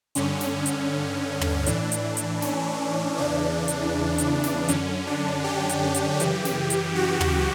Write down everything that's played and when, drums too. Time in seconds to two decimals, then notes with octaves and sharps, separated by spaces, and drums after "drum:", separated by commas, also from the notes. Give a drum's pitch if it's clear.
0.15 G2 D3 C#4, drum: hi-hat
0.41 drum: snare
0.66 drum: hi-hat
1.41 drum: tom
1.67 A2 E3 D4, drum: hi-hat
1.92 drum: hi-hat
2.17 drum: hi-hat
2.42 C#4, drum: snare
3.18 E2 C#3 E3 D4
3.68 drum: hi-hat
4.18 drum: hi-hat
4.44 drum: snare
4.69 F#2 D3 C#4, drum: hi-hat
5.07 D4
5.44 G4
5.69 drum: hi-hat
5.95 drum: hi-hat
6.20 F#2 C#3 E3, drum: hi-hat
6.45 drum: snare
6.70 drum: hi-hat
6.95 F#4
7.21 drum: tom